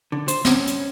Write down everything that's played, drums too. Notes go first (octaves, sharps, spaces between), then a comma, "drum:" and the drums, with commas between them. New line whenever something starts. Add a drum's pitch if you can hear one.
D3
C5, drum: hi-hat
C#4, drum: snare
drum: hi-hat